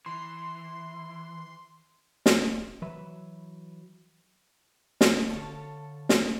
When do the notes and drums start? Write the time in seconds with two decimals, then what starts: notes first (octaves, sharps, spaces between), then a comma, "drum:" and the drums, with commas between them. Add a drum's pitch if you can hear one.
0.06 E3 C6
2.26 drum: snare
2.82 E3 F#3 B4 E5 B5
5.01 drum: snare
5.30 D3 A4 C#5 F5 A5
6.09 drum: snare